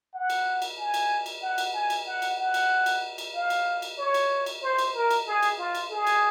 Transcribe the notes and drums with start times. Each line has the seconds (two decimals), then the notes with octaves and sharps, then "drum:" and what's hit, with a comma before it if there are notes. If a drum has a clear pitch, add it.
0.14 F#5
0.30 drum: cymbal
0.62 drum: cymbal
0.77 G#5
0.94 drum: cymbal
1.26 drum: cymbal
1.42 F#5
1.58 drum: cymbal
1.74 G#5
1.90 drum: cymbal
2.06 F#5
2.22 drum: cymbal
2.38 F#5
2.54 drum: cymbal
2.86 drum: cymbal
3.18 drum: cymbal
3.34 F5
3.50 drum: cymbal
3.82 drum: cymbal
3.98 C#5
4.14 drum: cymbal
4.46 drum: cymbal
4.62 C5
4.78 drum: cymbal
4.95 A#4
5.10 drum: cymbal
5.27 G#4
5.43 drum: cymbal
5.59 F4
5.75 drum: cymbal
5.90 G#4
6.07 drum: cymbal